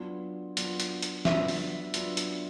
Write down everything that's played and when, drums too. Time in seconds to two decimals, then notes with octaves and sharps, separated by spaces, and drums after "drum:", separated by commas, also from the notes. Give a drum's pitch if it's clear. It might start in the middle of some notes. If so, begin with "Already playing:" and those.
Already playing: F#3 B3 D4 F4
0.57 F#3 B3 D4 F4, drum: hi-hat
0.80 drum: hi-hat
1.03 drum: hi-hat
1.25 F#3 B3 D4 F4 E5, drum: snare
1.48 drum: open hi-hat
1.94 F#3 B3 D4 F4, drum: hi-hat
2.17 drum: hi-hat